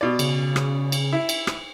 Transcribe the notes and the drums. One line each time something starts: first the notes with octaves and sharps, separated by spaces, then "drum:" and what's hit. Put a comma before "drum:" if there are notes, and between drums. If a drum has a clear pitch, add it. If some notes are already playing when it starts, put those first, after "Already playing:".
B2 D5
C#3, drum: cymbal
drum: rim click
drum: cymbal
E4
drum: cymbal
drum: rim click